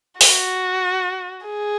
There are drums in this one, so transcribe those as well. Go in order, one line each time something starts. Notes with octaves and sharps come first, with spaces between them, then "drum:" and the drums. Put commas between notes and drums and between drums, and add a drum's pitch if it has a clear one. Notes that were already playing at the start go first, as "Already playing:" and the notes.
F#4, drum: open hi-hat
G#4